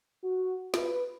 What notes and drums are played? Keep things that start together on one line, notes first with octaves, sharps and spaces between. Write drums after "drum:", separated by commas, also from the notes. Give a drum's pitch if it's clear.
F#4
B4, drum: snare